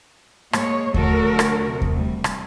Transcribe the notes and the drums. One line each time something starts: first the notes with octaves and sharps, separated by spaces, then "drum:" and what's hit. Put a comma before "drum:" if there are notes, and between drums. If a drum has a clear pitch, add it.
G#3 A#3 C#5, drum: rim click
D3 F#3 A3 F#4 A4 A#4, drum: kick D#2
drum: rim click
D2 C3
drum: kick D#2
G3
drum: rim click